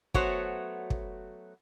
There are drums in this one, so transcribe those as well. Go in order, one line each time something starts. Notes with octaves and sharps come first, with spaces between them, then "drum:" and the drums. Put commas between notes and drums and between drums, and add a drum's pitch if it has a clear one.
F#3 A3 B3 F#4 C5 C#5, drum: kick
drum: kick